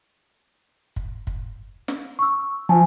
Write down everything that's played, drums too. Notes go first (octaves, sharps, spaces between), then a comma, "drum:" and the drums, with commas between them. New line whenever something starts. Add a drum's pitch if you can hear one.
drum: kick
drum: kick
drum: snare
C#6 E6
F3 G#5 A5